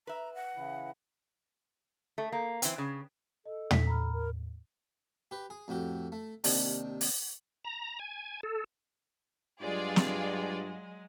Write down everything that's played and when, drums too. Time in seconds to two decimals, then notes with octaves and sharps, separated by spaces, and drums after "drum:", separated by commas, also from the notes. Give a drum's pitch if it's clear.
0.07 B4 E5 A#5
0.35 F#5
0.56 C#3 E3 E4
2.18 A3
2.32 A#3
2.62 E3 C4, drum: hi-hat
2.78 C#3
3.46 A4 D#5
3.71 B6, drum: tom
3.87 A#5 B5 F6
4.13 A#4
5.31 G4 B4
5.50 G#4
5.68 F2 A2 F#4 G4
6.12 A3
6.44 D#2 C3 D#3 D4, drum: open hi-hat
7.01 drum: open hi-hat
7.65 A#5
7.99 G#5
8.43 A4
9.61 G2 F#3 G#3 F4 G#4 D5
9.96 drum: snare